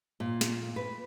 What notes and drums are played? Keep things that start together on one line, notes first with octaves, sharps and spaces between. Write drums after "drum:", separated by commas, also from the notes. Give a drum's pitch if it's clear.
A#2
drum: snare
B4